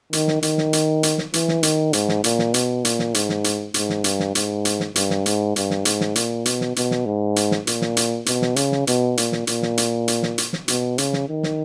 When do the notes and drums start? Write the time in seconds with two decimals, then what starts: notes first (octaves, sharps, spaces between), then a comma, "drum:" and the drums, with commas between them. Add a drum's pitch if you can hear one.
0.13 D#3, drum: hi-hat
0.28 drum: snare
0.43 D#3, drum: hi-hat
0.58 drum: snare
0.73 drum: hi-hat
1.03 drum: hi-hat
1.18 drum: snare
1.34 E3, drum: hi-hat
1.48 drum: snare
1.63 D#3, drum: hi-hat
1.93 G#2, drum: hi-hat
2.09 drum: snare
2.24 A#2, drum: hi-hat
2.39 drum: snare
2.54 B2, drum: hi-hat
2.85 A#2, drum: hi-hat
2.99 drum: snare
3.14 G#2, drum: hi-hat
3.29 drum: snare
3.44 drum: hi-hat
3.74 G#2, drum: hi-hat
3.90 drum: snare
4.04 G2, drum: hi-hat
4.20 drum: snare
4.35 G#2, drum: hi-hat
4.65 drum: hi-hat
4.80 drum: snare
4.96 G2, drum: hi-hat
5.10 drum: snare
5.26 G#2, drum: hi-hat
5.56 G2, drum: hi-hat
5.70 drum: snare
5.85 G#2, drum: hi-hat
6.01 drum: snare
6.15 A#2, drum: hi-hat
6.45 B2, drum: hi-hat
6.61 drum: snare
6.76 B2, drum: hi-hat
6.91 drum: snare
7.06 G#2
7.36 drum: hi-hat
7.51 drum: snare
7.67 A#2, drum: hi-hat
7.81 drum: snare
7.97 drum: hi-hat
8.26 B2, drum: hi-hat
8.42 drum: snare
8.56 C#3, drum: hi-hat
8.72 drum: snare
8.87 B2, drum: hi-hat
9.17 A#2, drum: hi-hat
9.32 drum: snare
9.47 A#2, drum: hi-hat
9.62 drum: snare
9.77 drum: hi-hat
10.08 drum: hi-hat
10.23 drum: snare
10.38 drum: hi-hat
10.53 drum: snare
10.68 B2, drum: hi-hat
10.98 C#3, drum: hi-hat
11.13 drum: snare
11.29 D#3
11.43 drum: snare